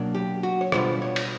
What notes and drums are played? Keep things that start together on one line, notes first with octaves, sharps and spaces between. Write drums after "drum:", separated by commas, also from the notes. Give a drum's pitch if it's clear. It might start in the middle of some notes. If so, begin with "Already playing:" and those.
Already playing: B2 F#3 A#3 D4
G4
F#4
C#5
B2 G3 B3 D4 F4 C5, drum: rim click
C#5
drum: cymbal